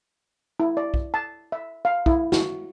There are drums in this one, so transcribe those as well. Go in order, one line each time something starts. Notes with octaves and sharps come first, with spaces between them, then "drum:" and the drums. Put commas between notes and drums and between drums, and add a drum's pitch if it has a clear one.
E4
D5
drum: kick
A5
E5
F5
E4, drum: kick
F#4, drum: snare E4